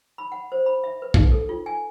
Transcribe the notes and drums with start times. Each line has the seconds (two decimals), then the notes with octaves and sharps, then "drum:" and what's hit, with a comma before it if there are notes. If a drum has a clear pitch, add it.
0.18 B5
0.32 F#5
0.52 C5
0.66 B5
0.84 E5
1.02 B4
1.14 D#4, drum: kick
1.32 A4
1.49 F4
1.66 G#5